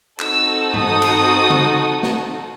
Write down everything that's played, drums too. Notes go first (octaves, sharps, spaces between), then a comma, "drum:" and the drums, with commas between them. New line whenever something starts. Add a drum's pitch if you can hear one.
C4 D#4 F#4 A4 E6, drum: clap
D#6, drum: tom G2
drum: cymbal
drum: tom C#3
drum: snare